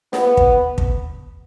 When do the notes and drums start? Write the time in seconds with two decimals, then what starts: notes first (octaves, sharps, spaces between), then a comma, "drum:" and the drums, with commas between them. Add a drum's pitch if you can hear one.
0.13 B3, drum: snare
0.37 drum: kick
0.78 drum: kick